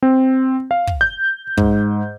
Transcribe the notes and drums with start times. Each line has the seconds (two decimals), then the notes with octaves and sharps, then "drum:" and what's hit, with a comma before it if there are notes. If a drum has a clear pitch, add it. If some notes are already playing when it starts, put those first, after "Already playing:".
0.03 C4
0.71 F5
0.87 drum: kick
1.01 G6
1.57 G#2, drum: kick